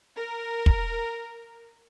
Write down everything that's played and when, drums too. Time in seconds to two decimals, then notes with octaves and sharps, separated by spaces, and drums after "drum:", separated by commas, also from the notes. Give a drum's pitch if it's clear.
0.16 A#4
0.66 drum: kick